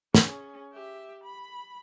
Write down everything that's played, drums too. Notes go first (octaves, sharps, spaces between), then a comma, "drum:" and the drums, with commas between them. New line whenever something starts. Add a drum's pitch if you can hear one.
C#4 G#4, drum: snare
G4 E5
B5